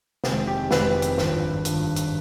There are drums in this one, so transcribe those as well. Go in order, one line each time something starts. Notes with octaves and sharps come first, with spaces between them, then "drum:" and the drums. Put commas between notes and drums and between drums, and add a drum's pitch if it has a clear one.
F1 F2 C3 D#3 G#3 G4, drum: snare
G4
F1 F2 C3 D#3 G#3 B4, drum: snare
drum: hi-hat
G#1 G2 F3, drum: snare
G#1 G2 F3, drum: hi-hat
drum: hi-hat